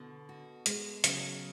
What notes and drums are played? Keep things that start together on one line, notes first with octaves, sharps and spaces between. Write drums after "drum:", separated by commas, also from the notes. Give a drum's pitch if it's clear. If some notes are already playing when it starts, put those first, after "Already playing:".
Already playing: B2 D3
F#4
G#3, drum: hi-hat
C#3 F#3, drum: hi-hat